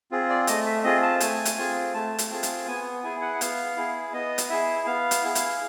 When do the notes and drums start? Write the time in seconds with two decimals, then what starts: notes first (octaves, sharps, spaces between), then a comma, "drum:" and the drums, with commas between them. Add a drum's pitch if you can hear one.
0.11 C4 F4 G#4
0.30 D5
0.47 A3 D#5, drum: hi-hat
0.66 E5
0.84 C4 F4 G#4 D#5
1.03 A5
1.20 A3 G#5, drum: hi-hat
1.45 drum: hi-hat
1.57 C4 F4 G#4
1.94 A3 A5
2.18 drum: hi-hat
2.30 C4 F4 G#4
2.43 drum: hi-hat
2.67 B3 G#5
3.03 E4 G#4 G#5
3.21 F#5
3.41 B3 F5, drum: hi-hat
3.77 E4 G#4
4.13 B3 D#5
4.38 drum: hi-hat
4.49 E4 G#4 E5
4.87 B3 F5
5.11 drum: hi-hat
5.23 E4 G#4
5.35 drum: hi-hat